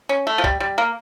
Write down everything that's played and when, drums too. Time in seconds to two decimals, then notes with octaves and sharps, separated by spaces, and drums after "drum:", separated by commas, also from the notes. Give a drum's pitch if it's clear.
0.09 C#4
0.27 A3
0.38 F3
0.44 G3, drum: kick
0.60 G3
0.78 A#3